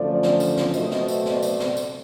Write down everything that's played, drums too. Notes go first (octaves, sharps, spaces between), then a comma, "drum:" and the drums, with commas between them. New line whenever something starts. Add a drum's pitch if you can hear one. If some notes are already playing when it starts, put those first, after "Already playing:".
Already playing: F#2 D3 F3 A3 D5
drum: snare
drum: tambourine
drum: snare
B2 F#3 A3 C4 D#5, drum: tambourine
drum: snare
drum: tambourine
D5, drum: snare
drum: tambourine
drum: snare
drum: tambourine